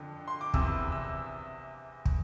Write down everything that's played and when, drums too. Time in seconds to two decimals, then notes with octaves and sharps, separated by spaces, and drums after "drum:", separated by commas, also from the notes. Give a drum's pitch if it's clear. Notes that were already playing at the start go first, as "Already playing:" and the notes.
Already playing: F2 D3
0.28 C6
0.41 D6
0.54 E2 C3 E3 E6, drum: kick
0.92 E6
2.06 drum: kick